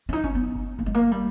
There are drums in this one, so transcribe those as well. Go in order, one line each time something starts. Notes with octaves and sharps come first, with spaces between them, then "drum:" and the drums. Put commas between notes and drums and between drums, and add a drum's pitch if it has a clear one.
C#4
D#4
C#4, drum: kick F#1
B3
drum: kick F#1
A#3, drum: kick F#1
G#3
A#3
G3